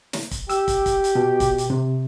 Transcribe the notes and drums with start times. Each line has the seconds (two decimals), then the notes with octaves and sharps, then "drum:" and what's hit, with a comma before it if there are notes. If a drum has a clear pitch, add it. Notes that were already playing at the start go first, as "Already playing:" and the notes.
0.13 drum: snare
0.31 drum: kick, hi-hat
0.49 G4 E6, drum: hi-hat
0.68 drum: kick, hi-hat
0.86 drum: kick, hi-hat
1.04 drum: hi-hat
1.15 B2
1.40 drum: kick, hi-hat
1.58 drum: hi-hat
1.70 C3